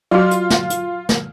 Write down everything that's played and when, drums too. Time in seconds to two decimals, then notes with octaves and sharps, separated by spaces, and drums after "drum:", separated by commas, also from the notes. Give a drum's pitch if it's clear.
0.11 F#3 F4 F#4 C6 F6
0.31 drum: hi-hat
0.50 drum: snare
0.70 drum: hi-hat
1.09 drum: snare